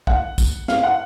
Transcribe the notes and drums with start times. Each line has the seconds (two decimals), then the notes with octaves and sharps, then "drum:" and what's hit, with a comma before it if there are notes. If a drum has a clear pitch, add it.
0.07 F#5, drum: kick
0.38 drum: kick, tambourine
0.68 F5, drum: snare
0.83 F#5